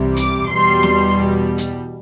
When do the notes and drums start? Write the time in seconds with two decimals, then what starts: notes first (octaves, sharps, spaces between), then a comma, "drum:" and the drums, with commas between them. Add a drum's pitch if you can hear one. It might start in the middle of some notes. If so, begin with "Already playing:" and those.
Already playing: C2 C3 E3 G3
0.16 D6, drum: hi-hat
0.49 E2 B2 G3 C6
0.83 drum: snare
1.58 drum: hi-hat